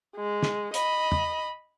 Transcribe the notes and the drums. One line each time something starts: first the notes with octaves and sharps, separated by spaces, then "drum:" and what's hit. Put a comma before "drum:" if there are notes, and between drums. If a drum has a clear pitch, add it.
G#3
drum: snare
D#5 B5, drum: hi-hat
drum: tom